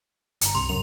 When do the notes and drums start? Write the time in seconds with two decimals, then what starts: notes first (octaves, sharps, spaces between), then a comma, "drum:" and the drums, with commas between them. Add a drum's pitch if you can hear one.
0.41 G1 G2 A#5, drum: hi-hat
0.55 C2 C3 C6
0.69 C#2 F#2 F7